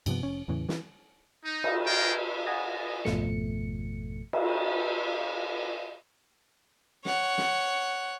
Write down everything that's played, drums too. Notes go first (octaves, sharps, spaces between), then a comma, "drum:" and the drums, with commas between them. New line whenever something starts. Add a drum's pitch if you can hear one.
G2 C3 F3 B3, drum: cymbal
F1 C#4
E2 A2 C#3 E3
E3, drum: snare
D#4
drum: cymbal
F4 F#4 G#4 A#4 G5
F#5 G#5 D#6 A6 A#6
G#1 F2 B2 F3 A3 C#7, drum: snare
drum: cymbal
C#5 F#5, drum: snare
drum: snare